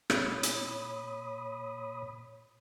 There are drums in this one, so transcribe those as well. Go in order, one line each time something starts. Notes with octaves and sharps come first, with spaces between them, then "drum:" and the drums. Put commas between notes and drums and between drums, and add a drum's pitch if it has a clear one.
A#2 C#5 B5 D#6, drum: rim click
drum: hi-hat